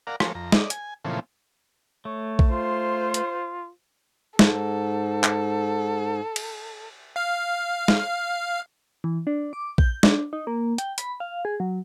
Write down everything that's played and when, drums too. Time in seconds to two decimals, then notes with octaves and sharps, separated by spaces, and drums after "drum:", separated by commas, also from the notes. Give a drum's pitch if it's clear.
0.07 A#4 D5 F5 F#5 A#5
0.20 F3 G#3 A3 A#4 C5 C#5, drum: rim click
0.35 F2 A#5
0.52 D5 D#5, drum: snare
0.70 G#5, drum: hi-hat
1.05 A#2 C#3 E3 F3 A3 C4
2.05 A3 C#5
2.39 drum: kick A#1
2.51 F4 C5
3.14 drum: hi-hat
4.39 G#2 A4, drum: snare
5.24 drum: clap
6.36 drum: cymbal
7.16 F5 F6
7.88 drum: snare
9.04 E3
9.27 D4
9.53 D6
9.78 G6, drum: kick A#1
10.03 D4, drum: snare
10.33 D#4
10.47 A#3
10.78 G5, drum: hi-hat
10.98 B5, drum: hi-hat
11.20 F5
11.45 G#4
11.60 F#3